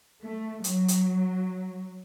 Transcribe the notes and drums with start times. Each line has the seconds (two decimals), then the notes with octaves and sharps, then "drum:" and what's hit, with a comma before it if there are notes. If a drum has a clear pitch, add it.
0.24 A3
0.64 F#3, drum: hi-hat
0.88 drum: hi-hat